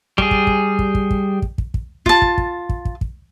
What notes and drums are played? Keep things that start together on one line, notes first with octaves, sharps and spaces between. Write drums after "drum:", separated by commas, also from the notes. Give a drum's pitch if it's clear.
G3 G#4, drum: kick
drum: kick
drum: kick
drum: kick
drum: kick
drum: kick
drum: kick
drum: kick
drum: kick
F4 A5, drum: kick
drum: kick
drum: kick
drum: kick
drum: kick
drum: kick